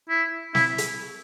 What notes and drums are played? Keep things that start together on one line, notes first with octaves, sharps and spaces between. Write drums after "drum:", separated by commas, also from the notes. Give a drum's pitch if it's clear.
E4
E4, drum: snare
drum: hi-hat